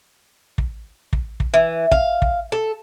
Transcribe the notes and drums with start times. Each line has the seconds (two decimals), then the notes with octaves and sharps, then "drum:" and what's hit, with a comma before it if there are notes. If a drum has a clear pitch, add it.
0.58 drum: kick
1.13 drum: kick
1.40 drum: kick
1.54 E3
1.92 F5, drum: kick
2.22 drum: kick
2.52 A4